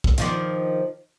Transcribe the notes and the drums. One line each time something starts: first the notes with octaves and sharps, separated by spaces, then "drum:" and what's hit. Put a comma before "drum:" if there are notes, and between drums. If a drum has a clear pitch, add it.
drum: kick
D#3 F3 D4, drum: hi-hat